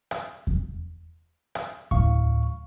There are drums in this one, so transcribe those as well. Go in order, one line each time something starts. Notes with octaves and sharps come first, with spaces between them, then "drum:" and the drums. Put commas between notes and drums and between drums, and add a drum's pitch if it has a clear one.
drum: rim click
drum: kick E2
drum: rim click
D2 A2 F5 C#6, drum: kick E2